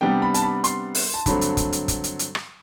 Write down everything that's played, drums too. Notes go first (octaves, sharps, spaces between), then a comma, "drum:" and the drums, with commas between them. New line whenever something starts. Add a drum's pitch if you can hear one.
C3 G3 B3 D4 G5
B5
A5, drum: hi-hat
B5
C6, drum: hi-hat
drum: open hi-hat
A5
G2 D3 F#3 A3 C4 B5, drum: kick, hi-hat
drum: hi-hat
drum: kick, hi-hat
drum: hi-hat
drum: kick, hi-hat
drum: hi-hat
drum: hi-hat
drum: rim click